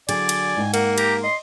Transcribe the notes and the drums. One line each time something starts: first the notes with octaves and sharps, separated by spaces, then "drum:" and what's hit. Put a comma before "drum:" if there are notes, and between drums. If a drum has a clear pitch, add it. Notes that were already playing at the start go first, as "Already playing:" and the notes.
D3 F#3 G#4 D5 G#5, drum: cymbal
drum: cymbal
G#2 D#4 G5
A#3 F#5, drum: cymbal
G4 A#5, drum: cymbal
D#5 C6